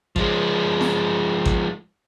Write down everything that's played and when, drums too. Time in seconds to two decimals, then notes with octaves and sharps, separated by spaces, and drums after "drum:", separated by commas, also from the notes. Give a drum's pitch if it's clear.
0.16 F3 G#3, drum: kick A1
0.81 drum: snare F4
1.46 drum: kick A1